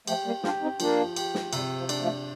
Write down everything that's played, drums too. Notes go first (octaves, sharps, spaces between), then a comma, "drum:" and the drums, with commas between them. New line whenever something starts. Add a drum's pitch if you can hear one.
F3 A3 G4, drum: cymbal
G3 A#3
D4 F4 G4, drum: snare
C4 D#4
F3 A#3 D4, drum: cymbal
G4, drum: cymbal
drum: snare
C3 G3, drum: cymbal
F3
D4, drum: cymbal
F3 A3